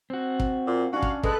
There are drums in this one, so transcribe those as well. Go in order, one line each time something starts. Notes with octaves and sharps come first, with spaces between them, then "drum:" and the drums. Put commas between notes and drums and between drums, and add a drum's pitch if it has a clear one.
C4 F#4
drum: kick
A#2
C#4 D4 F#4 F5
drum: kick
G#3 A4 B4 F#6, drum: kick